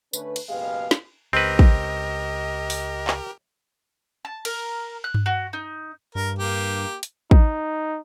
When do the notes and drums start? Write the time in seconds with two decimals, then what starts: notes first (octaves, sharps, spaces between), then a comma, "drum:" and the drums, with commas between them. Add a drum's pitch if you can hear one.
0.13 D3 A3 C#4 B4, drum: tambourine
0.36 drum: cymbal
0.50 F#1 B2 G#3 G4 B4 F5
0.91 drum: snare
1.33 C#2 C4 G4 A#4 B4 D#5
1.59 drum: kick
2.70 drum: open hi-hat
3.07 drum: clap
4.25 A5
4.45 A#4, drum: cymbal
5.04 F#6
5.14 drum: tom G2
5.26 F#4
5.53 D#4
6.15 G2 A#4
6.39 A#3 G4
7.03 drum: hi-hat
7.31 D#4, drum: kick